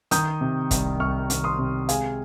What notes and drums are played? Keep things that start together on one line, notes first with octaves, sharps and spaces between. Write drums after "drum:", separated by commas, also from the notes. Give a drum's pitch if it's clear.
D#3 D#6 G6, drum: hi-hat
C3
C2, drum: kick, hi-hat
C2 C#6 F6
D#3, drum: hi-hat
C6 D#6
C3
G#3 F5 G#5, drum: hi-hat